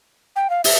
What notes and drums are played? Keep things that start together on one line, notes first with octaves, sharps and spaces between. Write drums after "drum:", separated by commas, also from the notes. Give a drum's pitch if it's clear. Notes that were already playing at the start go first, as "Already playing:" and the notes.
G5
F5
E5, drum: open hi-hat